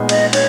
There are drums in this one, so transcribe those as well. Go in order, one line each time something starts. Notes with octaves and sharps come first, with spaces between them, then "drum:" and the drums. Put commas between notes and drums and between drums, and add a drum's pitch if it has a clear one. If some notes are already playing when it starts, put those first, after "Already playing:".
Already playing: A#2 G#3 B3 D#4
D#5, drum: cymbal
C#5, drum: cymbal